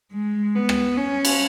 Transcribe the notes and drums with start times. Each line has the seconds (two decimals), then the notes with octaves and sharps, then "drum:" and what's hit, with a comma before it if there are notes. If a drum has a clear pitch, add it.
0.13 G#3
0.55 B3
0.69 drum: rim click
0.97 C#4
1.25 drum: cymbal